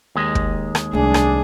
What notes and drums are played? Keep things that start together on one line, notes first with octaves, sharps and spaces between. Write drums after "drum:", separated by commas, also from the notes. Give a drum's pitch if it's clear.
D#2 G#3
drum: kick
drum: rim click
C2 A3 D4 G#4
drum: rim click